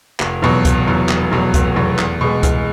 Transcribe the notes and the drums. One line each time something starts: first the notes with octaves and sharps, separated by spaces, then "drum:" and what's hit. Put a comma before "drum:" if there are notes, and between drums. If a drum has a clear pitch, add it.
F1, drum: clap
E2 B2 F#3
F1, drum: kick C#2, hi-hat
E2 B2 F#3
F1, drum: clap
E2 B2 F#3
F1, drum: kick C#2, hi-hat
E2 B2 F#3
E2, drum: clap
B2 G#3
E2, drum: kick C#2, hi-hat